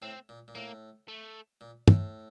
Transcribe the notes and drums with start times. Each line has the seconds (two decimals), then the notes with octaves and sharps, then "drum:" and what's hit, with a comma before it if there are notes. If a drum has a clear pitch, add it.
0.02 A2 C4
0.29 A#2
0.48 A#2
0.55 A2 A#3
1.08 A3
1.61 A#2
1.88 A2, drum: tom